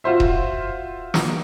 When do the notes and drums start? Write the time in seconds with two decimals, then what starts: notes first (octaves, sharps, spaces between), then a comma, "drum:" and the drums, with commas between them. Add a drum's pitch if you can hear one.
0.04 F4 F#4 C5 E5
0.20 drum: kick D#1
1.14 drum: snare